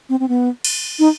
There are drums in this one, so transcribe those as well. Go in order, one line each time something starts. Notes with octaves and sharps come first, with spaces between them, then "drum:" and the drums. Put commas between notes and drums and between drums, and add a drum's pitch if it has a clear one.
C4
C4
B3
drum: cymbal
D#4